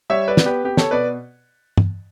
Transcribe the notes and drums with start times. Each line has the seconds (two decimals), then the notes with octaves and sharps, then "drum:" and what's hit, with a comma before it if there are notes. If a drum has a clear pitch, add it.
0.10 G3 C#5 E5
0.28 B4 D5
0.37 B3, drum: snare
0.46 G4 B4
0.64 B3 G4
0.77 A4 C#5, drum: snare
0.91 B2 B4 D5
1.77 drum: tom